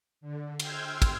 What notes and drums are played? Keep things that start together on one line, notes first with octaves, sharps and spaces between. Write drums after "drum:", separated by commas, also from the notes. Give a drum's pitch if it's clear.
D3
G5 C6 E6 F6 G6 G#6, drum: cymbal
drum: kick, cymbal